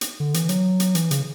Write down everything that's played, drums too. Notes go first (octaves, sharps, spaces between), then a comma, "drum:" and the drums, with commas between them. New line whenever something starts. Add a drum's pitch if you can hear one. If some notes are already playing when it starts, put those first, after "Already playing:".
drum: hi-hat
D3
E3, drum: hi-hat
F#3, drum: hi-hat
drum: hi-hat
E3, drum: hi-hat
C#3, drum: hi-hat